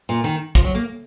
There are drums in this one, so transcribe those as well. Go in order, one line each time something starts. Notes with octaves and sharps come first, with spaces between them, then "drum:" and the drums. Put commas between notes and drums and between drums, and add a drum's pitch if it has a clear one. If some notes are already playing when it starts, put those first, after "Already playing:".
A#2
D#3
F3, drum: kick
F#3
A#3